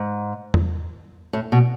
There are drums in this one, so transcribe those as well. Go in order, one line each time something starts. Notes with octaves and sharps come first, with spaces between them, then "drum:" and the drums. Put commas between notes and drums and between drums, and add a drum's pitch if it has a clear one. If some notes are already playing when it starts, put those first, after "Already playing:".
Already playing: G#2
drum: tom E2
A2
B2